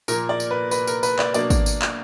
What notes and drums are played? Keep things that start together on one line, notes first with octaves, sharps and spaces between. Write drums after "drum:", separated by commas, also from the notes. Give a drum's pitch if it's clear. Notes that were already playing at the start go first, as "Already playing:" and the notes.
A#2 F3 A#3 A#4, drum: tambourine
D5
drum: tambourine
B4
B4, drum: tambourine
A#4, drum: tambourine
B4, drum: tambourine
D5, drum: clap
B2 F#3 A#3 D4 D5, drum: tambourine
drum: kick, tambourine
drum: tambourine
drum: clap